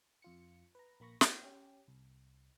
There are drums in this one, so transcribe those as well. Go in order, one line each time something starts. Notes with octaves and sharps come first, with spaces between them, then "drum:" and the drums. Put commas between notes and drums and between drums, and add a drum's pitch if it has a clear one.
F2 F4 C#7
B4 A#5
A#1 A#3 B5 C#6 A#6
A#3 C4 E4 F#4, drum: snare
C#4 G4
C2